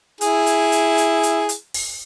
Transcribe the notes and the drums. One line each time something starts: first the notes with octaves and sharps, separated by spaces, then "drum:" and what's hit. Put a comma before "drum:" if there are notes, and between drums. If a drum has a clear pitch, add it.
E4 G#4, drum: hi-hat
drum: hi-hat
drum: hi-hat
drum: hi-hat
drum: hi-hat
drum: hi-hat
drum: open hi-hat